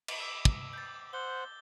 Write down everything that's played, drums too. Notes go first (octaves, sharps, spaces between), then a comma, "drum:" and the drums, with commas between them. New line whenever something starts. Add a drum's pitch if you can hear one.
drum: cymbal
D6 E6
drum: kick
G6 A6
C5 F#5 G7